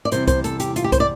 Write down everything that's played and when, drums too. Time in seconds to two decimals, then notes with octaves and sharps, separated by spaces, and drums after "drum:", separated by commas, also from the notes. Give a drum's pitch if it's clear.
0.05 D5
0.12 E2 C3 G3 C5, drum: hi-hat
0.27 C5, drum: kick C2, hi-hat
0.44 A4, drum: hi-hat
0.60 G4, drum: hi-hat
0.76 F4, drum: hi-hat
0.84 G4
0.92 C5, drum: kick C2, hi-hat
1.00 D5